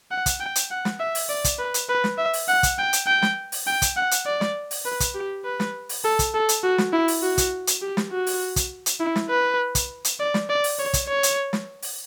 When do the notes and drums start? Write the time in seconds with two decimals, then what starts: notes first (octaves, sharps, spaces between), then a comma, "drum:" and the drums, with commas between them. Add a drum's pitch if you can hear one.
0.11 F#5
0.26 drum: kick, hi-hat
0.40 G5
0.56 drum: hi-hat
0.71 F#5
0.85 drum: snare
1.00 E5
1.15 drum: open hi-hat
1.29 D5
1.44 drum: kick, hi-hat
1.59 B4
1.74 drum: hi-hat
1.89 B4
2.04 drum: snare
2.18 E5
2.33 drum: open hi-hat
2.48 F#5
2.63 drum: kick, hi-hat
2.79 G5
2.93 drum: hi-hat
3.07 G5
3.22 drum: snare
3.52 drum: open hi-hat
3.67 G5
3.82 drum: kick, hi-hat
3.97 F#5
4.11 drum: hi-hat
4.26 D5
4.41 drum: snare
4.71 drum: open hi-hat
4.85 B4
5.00 drum: kick, hi-hat
5.15 G4
5.45 B4
5.60 drum: snare
5.89 drum: open hi-hat
6.04 A4
6.19 drum: kick, hi-hat
6.34 A4
6.49 drum: hi-hat
6.63 F#4
6.78 drum: snare
6.93 E4
7.08 drum: open hi-hat
7.22 F#4
7.38 drum: kick, hi-hat
7.67 drum: hi-hat
7.82 G4
7.97 drum: snare
8.11 F#4
8.27 drum: open hi-hat
8.56 drum: kick, hi-hat
8.86 drum: hi-hat
9.00 E4
9.16 drum: snare
9.30 B4
9.75 drum: kick, hi-hat
10.05 drum: hi-hat
10.20 D5
10.34 drum: snare
10.49 D5
10.64 drum: open hi-hat
10.79 C#5
10.93 drum: kick, hi-hat
11.08 C#5
11.23 drum: hi-hat
11.53 drum: snare
11.82 drum: open hi-hat